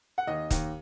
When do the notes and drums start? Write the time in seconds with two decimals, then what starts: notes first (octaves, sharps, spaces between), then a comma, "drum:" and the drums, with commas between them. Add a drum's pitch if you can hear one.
0.18 F#5
0.27 D#2 D#5
0.51 D#2, drum: kick, hi-hat